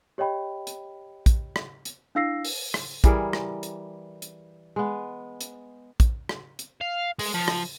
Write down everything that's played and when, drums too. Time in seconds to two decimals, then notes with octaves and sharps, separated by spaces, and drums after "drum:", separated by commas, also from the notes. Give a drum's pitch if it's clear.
0.18 G4 C#5 D#5 G5 B5
0.67 drum: hi-hat
1.26 drum: kick, hi-hat
1.56 drum: rim click
1.85 drum: hi-hat
2.15 D4 E4 F5 E6 A#6 C7
2.45 drum: open hi-hat
2.74 drum: rim click
3.04 E3 G3 G#4 A#4, drum: kick, hi-hat
3.33 drum: rim click
3.63 drum: hi-hat
4.22 drum: hi-hat
4.76 G#3 B3
5.41 drum: hi-hat
6.00 drum: kick, hi-hat
6.29 drum: rim click
6.59 drum: hi-hat
6.81 F5
7.19 G#3, drum: open hi-hat
7.34 F3
7.48 drum: rim click